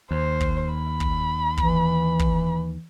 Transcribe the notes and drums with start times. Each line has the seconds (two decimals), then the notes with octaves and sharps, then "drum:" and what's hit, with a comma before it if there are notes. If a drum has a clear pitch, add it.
0.11 D#2 C5
0.40 drum: kick
0.73 B5
1.00 drum: kick
1.57 E3, drum: kick
2.19 drum: kick